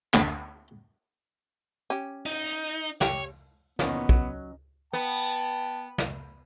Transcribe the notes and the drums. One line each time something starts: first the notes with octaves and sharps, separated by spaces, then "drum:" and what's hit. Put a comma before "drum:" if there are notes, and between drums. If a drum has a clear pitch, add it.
D2, drum: clap
C#4 G4
D#4, drum: open hi-hat
G4 C#5, drum: snare
E2 A#2 D#3 B3 C#4 D#4, drum: snare
F#3, drum: kick
B3 G5 A5
drum: snare